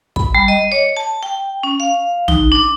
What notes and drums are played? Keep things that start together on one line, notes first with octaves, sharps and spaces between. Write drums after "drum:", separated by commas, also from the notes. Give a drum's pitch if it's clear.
B5, drum: kick
G3
D#5
C#5
A5
G5
C#4
F5
D#4, drum: tom
D4